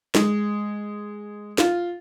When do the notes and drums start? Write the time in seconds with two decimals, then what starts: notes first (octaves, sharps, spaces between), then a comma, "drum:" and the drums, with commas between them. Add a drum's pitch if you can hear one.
0.15 G#3, drum: snare
1.58 F4, drum: snare